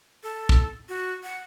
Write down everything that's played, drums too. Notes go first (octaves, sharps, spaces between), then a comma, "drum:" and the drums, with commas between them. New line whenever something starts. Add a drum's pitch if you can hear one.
A4
drum: kick
F#4
F#5